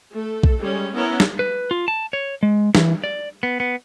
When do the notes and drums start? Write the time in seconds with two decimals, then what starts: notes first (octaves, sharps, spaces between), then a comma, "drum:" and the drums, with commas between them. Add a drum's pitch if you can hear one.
0.12 A3 A4
0.43 drum: kick B1
0.59 G3 G#3 C#4
0.95 B3 C#4 E4 A#4
1.20 drum: snare
1.39 B4
1.71 F4
1.88 A5
2.13 C#5
2.43 G#3
2.75 E3, drum: snare
3.04 D5
3.43 B3
3.60 B3